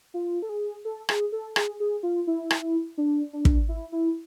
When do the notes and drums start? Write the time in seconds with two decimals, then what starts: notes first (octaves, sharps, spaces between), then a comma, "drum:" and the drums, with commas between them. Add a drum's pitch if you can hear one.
0.14 F4
0.42 A4
0.49 G#4
0.85 A4
1.09 G#4, drum: rim click
1.32 A4
1.56 G#4, drum: rim click
1.80 G#4
2.03 F4
2.27 E4
2.51 drum: rim click
2.98 D4
3.33 D4
3.45 drum: kick
3.69 E4
3.92 E4